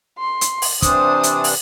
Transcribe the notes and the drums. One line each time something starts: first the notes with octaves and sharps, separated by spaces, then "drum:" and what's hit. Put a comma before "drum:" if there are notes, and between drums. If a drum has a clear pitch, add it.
C6
drum: hi-hat
drum: open hi-hat
C3 E3 D4 C5 D#6, drum: kick, hi-hat
drum: hi-hat
drum: open hi-hat